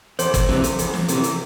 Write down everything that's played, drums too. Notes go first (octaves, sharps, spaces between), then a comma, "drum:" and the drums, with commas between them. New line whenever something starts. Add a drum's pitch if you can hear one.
E2 C5, drum: hi-hat
drum: kick, hi-hat
C3 E3, drum: snare
drum: hi-hat
E2, drum: hi-hat
drum: snare
C3 E3, drum: hi-hat
drum: hi-hat